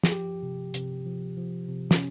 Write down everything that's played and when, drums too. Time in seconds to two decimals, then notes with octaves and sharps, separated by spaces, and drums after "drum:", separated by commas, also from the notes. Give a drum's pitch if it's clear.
0.03 G#4, drum: snare
0.12 F3 G4
0.43 C3
0.74 C3, drum: hi-hat
1.06 F3
1.37 F3
1.68 C3
1.91 C#4, drum: snare